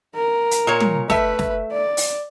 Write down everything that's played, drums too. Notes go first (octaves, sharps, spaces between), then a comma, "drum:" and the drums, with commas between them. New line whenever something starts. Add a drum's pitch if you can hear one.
A#4
drum: hi-hat
A#2 C#5
drum: tom
A3 B4 E5, drum: snare
drum: snare
D5
drum: open hi-hat